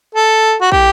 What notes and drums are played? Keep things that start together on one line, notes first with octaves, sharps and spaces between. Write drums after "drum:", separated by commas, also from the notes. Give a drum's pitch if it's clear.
A4
F#4
G4, drum: kick